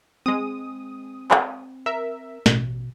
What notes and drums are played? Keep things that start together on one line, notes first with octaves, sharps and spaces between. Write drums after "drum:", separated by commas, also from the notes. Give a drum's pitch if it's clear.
G#3 C4 D#6
drum: clap
A#4 E5
A1 B2, drum: snare